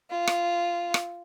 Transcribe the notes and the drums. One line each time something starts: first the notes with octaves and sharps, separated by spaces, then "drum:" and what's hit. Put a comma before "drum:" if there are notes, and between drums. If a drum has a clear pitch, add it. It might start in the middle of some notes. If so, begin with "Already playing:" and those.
F4
drum: rim click
drum: rim click